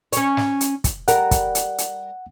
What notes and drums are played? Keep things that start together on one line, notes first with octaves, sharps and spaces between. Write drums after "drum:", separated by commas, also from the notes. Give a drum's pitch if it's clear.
C#4 C#5, drum: hi-hat
drum: snare
drum: hi-hat
drum: kick, hi-hat
G3 A#4 F#5, drum: hi-hat
drum: kick, hi-hat
drum: hi-hat
drum: hi-hat